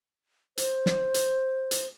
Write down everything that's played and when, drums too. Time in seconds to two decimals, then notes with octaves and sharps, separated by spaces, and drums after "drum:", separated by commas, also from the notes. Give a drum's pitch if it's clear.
0.58 C5, drum: hi-hat
0.86 drum: snare
1.14 drum: hi-hat
1.71 drum: hi-hat